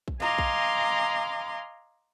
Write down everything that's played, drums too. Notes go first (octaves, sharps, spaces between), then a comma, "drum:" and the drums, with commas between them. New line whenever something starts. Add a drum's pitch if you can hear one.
drum: kick A#1
D#5 F5 G#5 A#5 C6 D6, drum: snare
drum: kick A#1